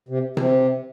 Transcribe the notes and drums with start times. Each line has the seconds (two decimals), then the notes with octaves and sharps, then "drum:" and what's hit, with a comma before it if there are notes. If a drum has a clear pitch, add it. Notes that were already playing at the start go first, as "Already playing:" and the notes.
0.09 C3
0.37 C3, drum: tom C3